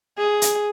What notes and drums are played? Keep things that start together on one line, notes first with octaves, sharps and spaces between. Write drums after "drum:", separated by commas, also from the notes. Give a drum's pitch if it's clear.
G#4
drum: hi-hat